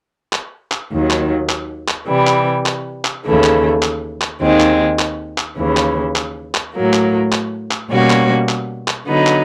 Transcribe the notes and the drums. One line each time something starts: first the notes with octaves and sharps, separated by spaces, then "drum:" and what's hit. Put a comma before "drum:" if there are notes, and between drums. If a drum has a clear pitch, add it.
drum: clap
drum: clap
D#2 D#3 F#3
drum: clap
drum: clap
drum: clap
C3 E3 G3
drum: clap
drum: clap
drum: clap
D#2 C#3 E3 A3
drum: clap
drum: clap
drum: clap
D#2 D#3 G#3 C4
drum: clap
drum: clap
drum: clap
D#2 C#3 E3
drum: clap
drum: clap
drum: clap
A2 F#3 A#3
drum: clap
drum: clap
drum: clap
B2 G3 A#3 C#4 F#4
drum: clap
drum: clap
drum: clap
D3 F#3 B3 D#4
drum: clap